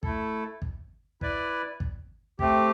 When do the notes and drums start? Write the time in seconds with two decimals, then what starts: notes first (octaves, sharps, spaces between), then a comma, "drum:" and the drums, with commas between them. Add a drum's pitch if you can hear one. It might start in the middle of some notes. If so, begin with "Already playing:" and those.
0.03 A3 E4 A4, drum: kick
0.62 drum: kick
1.21 E4 B4 D5, drum: kick
1.80 drum: kick
2.39 A3 C4 G4, drum: kick